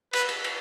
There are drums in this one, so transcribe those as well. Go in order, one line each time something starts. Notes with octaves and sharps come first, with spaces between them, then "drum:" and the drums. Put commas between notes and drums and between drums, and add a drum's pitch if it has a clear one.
B4, drum: cymbal
drum: cymbal
drum: cymbal